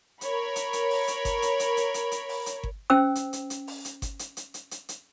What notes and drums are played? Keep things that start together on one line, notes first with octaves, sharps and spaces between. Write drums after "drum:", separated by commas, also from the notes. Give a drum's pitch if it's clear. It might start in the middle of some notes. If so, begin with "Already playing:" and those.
A#4 C#5 B5, drum: hi-hat
drum: hi-hat
drum: hi-hat
drum: open hi-hat
drum: hi-hat
drum: kick G1, hi-hat
drum: hi-hat
drum: hi-hat
drum: hi-hat
drum: hi-hat
drum: hi-hat
drum: open hi-hat
drum: hi-hat
drum: kick G1
C#4 C5 G5 E6
drum: hi-hat
drum: hi-hat
drum: hi-hat
drum: open hi-hat
drum: hi-hat
drum: kick G1, hi-hat
drum: hi-hat
drum: hi-hat
drum: hi-hat
drum: hi-hat
drum: hi-hat